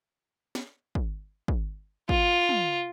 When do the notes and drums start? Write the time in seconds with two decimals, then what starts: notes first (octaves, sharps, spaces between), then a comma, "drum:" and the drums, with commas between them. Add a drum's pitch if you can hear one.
0.55 drum: snare
0.95 drum: kick
1.48 drum: kick
2.09 F4, drum: kick
2.49 drum: tom